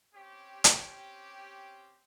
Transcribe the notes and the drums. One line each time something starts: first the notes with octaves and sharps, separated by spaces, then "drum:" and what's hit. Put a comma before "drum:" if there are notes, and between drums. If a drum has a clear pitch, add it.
C4 C#4 G4
drum: hi-hat